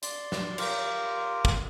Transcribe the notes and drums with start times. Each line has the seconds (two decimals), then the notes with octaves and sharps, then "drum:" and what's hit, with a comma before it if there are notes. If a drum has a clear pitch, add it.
0.03 D5 C6, drum: hi-hat
0.32 drum: snare
0.58 F4 G4 A#4, drum: cymbal
1.45 drum: kick